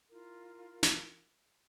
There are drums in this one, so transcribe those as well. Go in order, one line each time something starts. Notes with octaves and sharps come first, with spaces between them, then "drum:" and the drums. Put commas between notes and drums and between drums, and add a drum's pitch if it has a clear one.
E4 F4 A#4
drum: snare